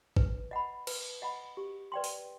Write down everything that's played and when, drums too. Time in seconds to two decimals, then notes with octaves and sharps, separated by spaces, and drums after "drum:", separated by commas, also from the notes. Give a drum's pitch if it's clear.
0.17 B4, drum: kick G#1
0.51 D#5 F#5 B5
0.87 B4, drum: cymbal
1.22 D#5 F#5 B5
1.57 G4
1.92 B4 D5 G5 C6
2.04 drum: open hi-hat